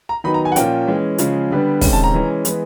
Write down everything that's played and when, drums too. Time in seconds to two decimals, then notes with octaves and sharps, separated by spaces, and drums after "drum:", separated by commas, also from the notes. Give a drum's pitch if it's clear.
0.09 A#5
0.24 D#3 F#3 B3 D#4 B5
0.34 A#5
0.45 G#5
0.52 F#5
0.56 A#2 F3 A#3 C#4 G5, drum: hi-hat
0.87 E3 G#3 C#4
1.18 C#3 F3 G#3 C#4, drum: hi-hat
1.50 D3 G3 B3 D4
1.81 C3 D#3 G#3 C#4, drum: kick, open hi-hat
1.93 A5
2.04 A#5
2.14 E3 G#3 C#4
2.45 E3 G#3 B3, drum: hi-hat